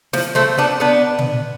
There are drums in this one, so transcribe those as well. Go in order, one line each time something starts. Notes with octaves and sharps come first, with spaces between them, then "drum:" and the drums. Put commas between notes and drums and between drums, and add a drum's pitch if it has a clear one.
F3, drum: snare
A3 C4
B3 D4
B3 D4
drum: tom A#2